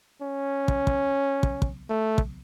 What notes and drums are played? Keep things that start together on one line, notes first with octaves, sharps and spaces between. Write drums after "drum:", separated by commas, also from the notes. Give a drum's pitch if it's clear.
C#4
drum: kick
drum: kick
drum: kick
drum: kick
A3
drum: kick